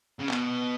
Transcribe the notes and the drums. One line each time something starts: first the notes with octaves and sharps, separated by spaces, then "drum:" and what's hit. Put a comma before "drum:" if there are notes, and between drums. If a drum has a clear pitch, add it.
C#3
B2, drum: clap